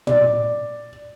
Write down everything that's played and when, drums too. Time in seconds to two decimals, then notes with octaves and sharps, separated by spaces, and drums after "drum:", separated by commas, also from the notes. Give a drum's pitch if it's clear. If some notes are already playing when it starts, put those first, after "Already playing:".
0.07 D5, drum: tom